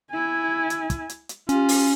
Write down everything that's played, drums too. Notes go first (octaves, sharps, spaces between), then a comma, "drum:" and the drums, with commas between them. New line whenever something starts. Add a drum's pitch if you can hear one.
E4 G#5
drum: hi-hat
drum: kick, hi-hat
drum: hi-hat
drum: hi-hat
C#4 F4 G4, drum: hi-hat
drum: open hi-hat